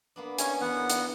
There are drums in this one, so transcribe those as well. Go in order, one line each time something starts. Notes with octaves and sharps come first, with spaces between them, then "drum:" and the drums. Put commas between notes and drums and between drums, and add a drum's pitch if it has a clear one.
A#3 B3 D4
C#4 G#5, drum: hi-hat
E2 B3 F#5 A#5 C6
E3 A#3
drum: hi-hat